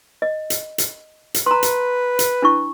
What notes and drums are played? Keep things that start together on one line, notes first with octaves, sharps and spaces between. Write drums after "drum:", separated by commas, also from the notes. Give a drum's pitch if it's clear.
D#5
drum: hi-hat
drum: hi-hat
drum: hi-hat
B4 A#5 C6
drum: hi-hat
drum: hi-hat
D4 E4 C#6